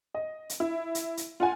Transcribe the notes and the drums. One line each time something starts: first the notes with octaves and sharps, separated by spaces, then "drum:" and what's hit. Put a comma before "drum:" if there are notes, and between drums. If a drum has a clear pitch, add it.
D#5
drum: hi-hat
E4
drum: hi-hat
drum: hi-hat
F4 F#5 G#5